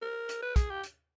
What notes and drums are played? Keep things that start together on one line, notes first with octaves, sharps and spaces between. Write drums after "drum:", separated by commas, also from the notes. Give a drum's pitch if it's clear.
A#4
drum: hi-hat
B4
G#4, drum: kick, hi-hat
G4
drum: hi-hat